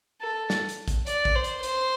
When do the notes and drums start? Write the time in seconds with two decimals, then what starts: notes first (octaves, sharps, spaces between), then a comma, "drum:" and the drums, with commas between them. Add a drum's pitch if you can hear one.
0.22 A4
0.50 drum: snare
0.69 drum: hi-hat
0.88 drum: kick A1, hi-hat
1.07 D5, drum: hi-hat
1.25 drum: kick A1
1.35 C5
1.44 drum: hi-hat
1.63 C5, drum: hi-hat